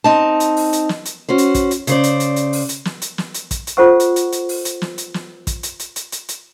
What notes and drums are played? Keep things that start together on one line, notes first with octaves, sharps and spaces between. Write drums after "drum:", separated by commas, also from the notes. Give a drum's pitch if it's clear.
C4 D#4 A5
drum: hi-hat
drum: open hi-hat
drum: hi-hat
drum: snare
drum: hi-hat
C#4 F#4 C5
drum: hi-hat
drum: kick, hi-hat
drum: hi-hat
C#3 C5 D5, drum: hi-hat
drum: hi-hat
drum: hi-hat
drum: hi-hat
drum: open hi-hat
drum: hi-hat
drum: snare
drum: hi-hat
drum: snare
drum: hi-hat
drum: kick, hi-hat
drum: hi-hat
F4 A4 C5 F#5 C#6
drum: hi-hat
drum: hi-hat
drum: hi-hat
drum: open hi-hat
drum: hi-hat
drum: snare
drum: hi-hat
drum: snare
drum: kick, hi-hat
drum: hi-hat
drum: hi-hat
drum: hi-hat
drum: hi-hat
drum: hi-hat